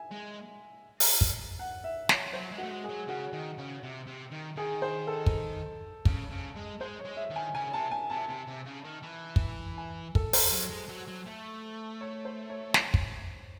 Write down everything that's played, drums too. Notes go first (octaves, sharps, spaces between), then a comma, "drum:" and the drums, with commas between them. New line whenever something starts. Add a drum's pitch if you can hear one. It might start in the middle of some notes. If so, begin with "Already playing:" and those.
Already playing: E5 G#5
G#3
drum: open hi-hat
drum: kick
F#5
E5
C#5, drum: snare
F#3 C5
G#3
F#4
A3
G#3
G#4
F#3
C#3 F#4
D#3
C#3
C3
C3
D#3
D#3 G#4
C5
A4
drum: kick
C#3, drum: kick
C#3
G#3
G#3 C5
C#5
G#3
E5
D#3
G#5
C#3 G#5
C3 A5
G#5
C3 A5
C3
C3
C#3
D#3
E3
drum: kick
G#5
A4, drum: kick
C5, drum: open hi-hat
F#3
G#3
F#3
F#3
A3
C#5
C5
C#5
drum: snare
drum: kick